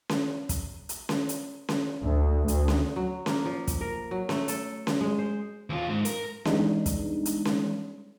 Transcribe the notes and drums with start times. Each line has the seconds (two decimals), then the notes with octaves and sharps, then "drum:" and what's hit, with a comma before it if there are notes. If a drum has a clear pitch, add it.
0.09 drum: snare C#4
0.49 drum: kick, hi-hat
0.89 drum: hi-hat
1.09 drum: snare C#4
1.29 drum: hi-hat
1.69 drum: snare C#4
2.03 D2
2.48 D2, drum: hi-hat
2.68 drum: snare C#4
2.96 F#3
3.26 A#3, drum: snare C#4
3.45 F3
3.67 drum: kick, hi-hat
3.81 A#4
4.11 F#3
4.29 A3, drum: snare C#4
4.48 A4, drum: hi-hat
4.87 drum: snare C#4
5.01 G#3
5.19 C5
5.70 D#2 F4
5.90 G#2
6.05 A#4, drum: hi-hat
6.45 E3 G3 G#3 B3 D4 D#4, drum: snare C#4
6.86 drum: kick, hi-hat
7.25 drum: hi-hat
7.45 drum: snare C#4